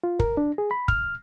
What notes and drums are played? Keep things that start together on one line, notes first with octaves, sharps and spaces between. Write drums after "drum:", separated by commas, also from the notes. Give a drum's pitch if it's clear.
F4
A#4, drum: kick
D4
G#4
B5
F6, drum: kick